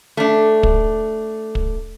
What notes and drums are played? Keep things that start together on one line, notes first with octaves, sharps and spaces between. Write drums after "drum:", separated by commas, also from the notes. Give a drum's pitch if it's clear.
A3 D4
drum: kick
drum: kick